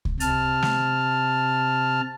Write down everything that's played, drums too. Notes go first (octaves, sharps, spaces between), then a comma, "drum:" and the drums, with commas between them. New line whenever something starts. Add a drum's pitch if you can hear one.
drum: kick C#2
C3 A5 F6, drum: hi-hat
drum: snare